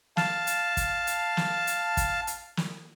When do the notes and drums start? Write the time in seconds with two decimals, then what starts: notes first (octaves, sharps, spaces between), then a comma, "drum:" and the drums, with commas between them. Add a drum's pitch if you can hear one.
0.17 F5 A5, drum: snare
0.47 drum: hi-hat
0.77 drum: kick, hi-hat
1.07 drum: hi-hat
1.37 drum: snare
1.67 drum: hi-hat
1.97 drum: kick, hi-hat
2.27 drum: hi-hat
2.57 drum: snare